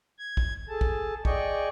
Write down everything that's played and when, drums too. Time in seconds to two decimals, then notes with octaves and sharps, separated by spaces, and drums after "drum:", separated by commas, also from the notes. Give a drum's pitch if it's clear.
0.18 G#6
0.37 drum: kick
0.69 G#4 A4 A5
0.81 drum: kick
1.25 G#4 D5 D#5 G5 C#6, drum: kick